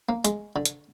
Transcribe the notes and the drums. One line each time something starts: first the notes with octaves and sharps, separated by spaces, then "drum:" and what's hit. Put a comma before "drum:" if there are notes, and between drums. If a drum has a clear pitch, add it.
A#3
G#3, drum: hi-hat
D3
drum: hi-hat